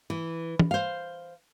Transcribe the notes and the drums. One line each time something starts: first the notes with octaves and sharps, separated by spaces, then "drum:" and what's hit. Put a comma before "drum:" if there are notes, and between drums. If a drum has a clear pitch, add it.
E3
drum: tom
C5 F5